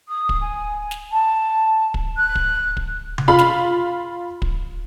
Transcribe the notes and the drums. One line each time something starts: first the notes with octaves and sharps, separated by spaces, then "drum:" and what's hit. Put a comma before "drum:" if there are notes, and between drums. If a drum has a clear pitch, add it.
D#6
drum: kick
G#5
drum: snare
A5
drum: kick
F#6
drum: kick
drum: kick
drum: tom C3
F4 B5
drum: snare
drum: kick